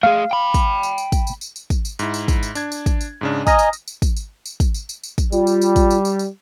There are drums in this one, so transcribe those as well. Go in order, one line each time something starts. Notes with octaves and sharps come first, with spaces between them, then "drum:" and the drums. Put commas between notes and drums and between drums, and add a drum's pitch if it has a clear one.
A3 G#4 F5
G5 B5
drum: kick, tambourine
drum: tambourine
drum: tambourine
drum: kick, tambourine
drum: tambourine
drum: tambourine
drum: tambourine
drum: kick, tambourine
drum: tambourine
G#2 E4, drum: tambourine
drum: tambourine
drum: kick, tambourine
drum: tambourine
D4 G#6, drum: tambourine
drum: tambourine
drum: kick, tambourine
drum: tambourine
G#2 C#3 D4
D#5 G#5 A#5 D#6 F6 A#6, drum: kick, tambourine
drum: tambourine
drum: tambourine
drum: tambourine
drum: kick, tambourine
drum: tambourine
drum: tambourine
drum: kick, tambourine
drum: tambourine
drum: tambourine
drum: tambourine
drum: kick, tambourine
G3 F4, drum: tambourine
drum: tambourine
drum: tambourine
drum: kick, tambourine
drum: tambourine
drum: tambourine
drum: tambourine